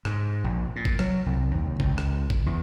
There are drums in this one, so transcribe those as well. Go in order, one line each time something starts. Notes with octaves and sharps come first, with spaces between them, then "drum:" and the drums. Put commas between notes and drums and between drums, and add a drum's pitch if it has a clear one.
G#2, drum: rim click
A#1
A#2
drum: kick G#1
F#3, drum: rim click
C2
D#2
C#2, drum: kick G#1
drum: rim click
drum: kick G#1
E2